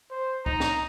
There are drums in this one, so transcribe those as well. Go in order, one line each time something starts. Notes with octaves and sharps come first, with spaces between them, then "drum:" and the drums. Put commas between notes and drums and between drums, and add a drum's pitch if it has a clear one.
C5
D#4 A#5, drum: kick C2
drum: snare